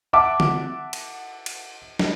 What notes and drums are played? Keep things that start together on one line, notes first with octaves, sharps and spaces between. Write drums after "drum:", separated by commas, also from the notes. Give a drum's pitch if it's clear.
E5 F#5 A5 D6
drum: tom D3
drum: cymbal
drum: cymbal
drum: snare